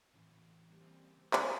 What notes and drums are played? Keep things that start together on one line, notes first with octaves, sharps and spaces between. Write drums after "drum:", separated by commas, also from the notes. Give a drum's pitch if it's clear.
A2 C#3 E3 C4 F#4
G3 A#3 C4
drum: clap